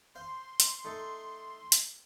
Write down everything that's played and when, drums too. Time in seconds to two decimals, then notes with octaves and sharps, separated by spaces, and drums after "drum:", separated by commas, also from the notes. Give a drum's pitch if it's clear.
0.15 C5 F5 C6
0.60 drum: hi-hat
0.85 A3 D#4 A4
1.72 drum: hi-hat